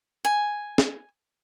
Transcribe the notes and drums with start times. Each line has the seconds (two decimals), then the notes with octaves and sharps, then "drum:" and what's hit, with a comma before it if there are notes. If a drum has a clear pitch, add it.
0.25 G#5
0.78 drum: snare